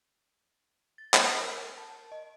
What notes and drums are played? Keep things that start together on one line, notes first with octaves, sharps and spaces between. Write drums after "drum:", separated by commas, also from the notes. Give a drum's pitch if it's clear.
A6
F6, drum: clap
A#4
A5
D#5